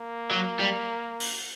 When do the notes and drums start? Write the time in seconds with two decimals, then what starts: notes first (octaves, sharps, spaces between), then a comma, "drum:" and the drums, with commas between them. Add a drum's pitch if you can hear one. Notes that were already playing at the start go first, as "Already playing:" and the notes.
Already playing: A#3
0.31 F#3
0.59 G3
1.20 drum: open hi-hat